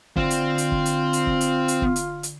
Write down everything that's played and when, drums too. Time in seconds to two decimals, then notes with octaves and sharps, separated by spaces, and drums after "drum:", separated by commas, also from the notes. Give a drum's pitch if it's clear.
0.17 D3 C4 F4, drum: kick
0.30 drum: hi-hat
0.58 drum: hi-hat
0.72 drum: kick
0.86 drum: hi-hat
1.13 drum: hi-hat
1.27 drum: kick
1.41 drum: hi-hat
1.68 drum: hi-hat
1.82 drum: kick
1.96 drum: hi-hat
2.23 drum: hi-hat